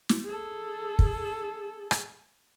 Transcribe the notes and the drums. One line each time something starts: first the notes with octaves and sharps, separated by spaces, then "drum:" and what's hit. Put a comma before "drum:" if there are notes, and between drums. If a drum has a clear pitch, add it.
drum: snare
G#4 A4
drum: kick
drum: rim click